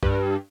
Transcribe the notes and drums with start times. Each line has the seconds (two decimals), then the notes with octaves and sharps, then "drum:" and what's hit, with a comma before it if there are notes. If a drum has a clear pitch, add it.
0.03 G2, drum: kick B1